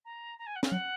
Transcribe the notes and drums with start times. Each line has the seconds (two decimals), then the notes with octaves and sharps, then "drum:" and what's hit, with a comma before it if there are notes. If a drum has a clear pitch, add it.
0.04 A#5
0.38 A#5
0.46 G#5
0.55 F#5
0.63 F5, drum: snare
0.72 F#3 F#5